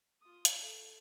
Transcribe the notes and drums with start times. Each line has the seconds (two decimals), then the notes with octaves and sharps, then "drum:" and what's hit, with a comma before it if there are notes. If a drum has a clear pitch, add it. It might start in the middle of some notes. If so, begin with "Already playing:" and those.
0.22 F4 D#6
0.45 drum: hi-hat
0.60 A4